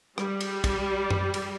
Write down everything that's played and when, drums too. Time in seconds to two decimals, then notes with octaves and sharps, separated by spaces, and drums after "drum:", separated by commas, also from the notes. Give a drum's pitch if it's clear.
0.18 G3, drum: rim click
0.41 drum: cymbal
0.64 drum: kick, cymbal
1.10 drum: tom F#2
1.34 drum: cymbal